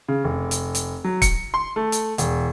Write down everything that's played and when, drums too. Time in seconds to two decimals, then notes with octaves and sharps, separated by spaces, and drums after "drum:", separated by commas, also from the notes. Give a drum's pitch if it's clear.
0.08 C#3
0.24 F1
0.51 drum: hi-hat
0.75 drum: hi-hat
1.04 F#3
1.22 C#7, drum: kick, hi-hat
1.54 C6
1.76 A3
1.92 drum: hi-hat
2.18 E1, drum: hi-hat